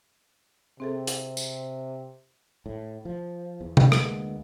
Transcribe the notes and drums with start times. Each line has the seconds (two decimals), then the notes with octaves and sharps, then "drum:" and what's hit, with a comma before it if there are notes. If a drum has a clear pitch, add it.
0.80 C3 C4 G#4 A4
1.07 drum: hi-hat
1.37 drum: tambourine
2.66 A2
3.05 F3
3.61 E2
3.77 drum: tom C3
3.92 D2 G#3 A#3 B3, drum: rim click